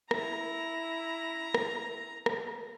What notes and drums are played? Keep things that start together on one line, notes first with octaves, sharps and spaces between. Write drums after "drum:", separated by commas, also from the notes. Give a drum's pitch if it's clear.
E4 A#5, drum: rim click
drum: rim click
drum: rim click